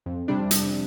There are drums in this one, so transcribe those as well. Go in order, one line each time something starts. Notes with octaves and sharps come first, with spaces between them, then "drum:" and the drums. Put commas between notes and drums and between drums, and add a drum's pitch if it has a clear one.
F2
C3 G3 D4
drum: hi-hat